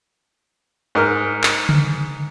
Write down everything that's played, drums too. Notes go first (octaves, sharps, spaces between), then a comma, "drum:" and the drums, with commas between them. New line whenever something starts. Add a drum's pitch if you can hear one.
G#2 A#4 F6
drum: clap
drum: tom C#3